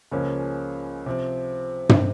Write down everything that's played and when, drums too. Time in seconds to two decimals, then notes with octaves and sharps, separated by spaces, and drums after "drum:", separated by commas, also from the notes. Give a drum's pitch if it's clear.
0.11 C#2 C#3 F3 A#3 C#4
1.06 C3 F3 C4
1.89 drum: tom